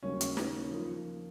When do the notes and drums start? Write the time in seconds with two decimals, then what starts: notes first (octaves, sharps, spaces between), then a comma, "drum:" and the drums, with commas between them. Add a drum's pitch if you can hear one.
0.03 D#2 C#3 F#3 C#4
0.21 drum: hi-hat
0.37 D#4, drum: snare
0.71 F3 A#3 F4